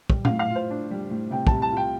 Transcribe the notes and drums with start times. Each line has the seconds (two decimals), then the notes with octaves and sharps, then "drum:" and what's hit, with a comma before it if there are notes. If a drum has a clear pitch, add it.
0.10 G3, drum: kick
0.25 F5, drum: tom A#2
0.30 A2
0.39 F5
0.51 F4 C5
0.71 D4
0.91 G3
1.11 A2
1.31 C3 G5
1.47 C2 A5, drum: kick
1.62 A5
1.72 F4 G5